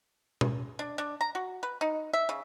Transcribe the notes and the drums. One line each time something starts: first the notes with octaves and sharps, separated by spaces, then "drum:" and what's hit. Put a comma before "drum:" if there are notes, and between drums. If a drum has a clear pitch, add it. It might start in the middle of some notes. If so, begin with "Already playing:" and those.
drum: tom B2
D4
D4
A#5
F#4
B4
D#4
E5
C#3